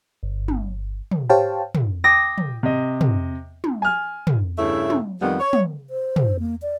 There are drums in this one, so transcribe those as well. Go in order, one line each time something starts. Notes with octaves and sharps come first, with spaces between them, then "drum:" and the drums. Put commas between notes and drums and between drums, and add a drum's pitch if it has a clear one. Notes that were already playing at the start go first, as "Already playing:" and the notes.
G1
drum: tom
drum: tom
G4 C5 C#5 F5 G5 A5
drum: tom
G5 D6 D#6 A#6
drum: tom
C3 D#5
drum: tom
drum: tom
G#5 F6
drum: tom
G2 C#3 A3 E4 E5
drum: tom
F2 D#3 F3 G3 B3
C#5
drum: tom
C5
drum: tom
A#3
D5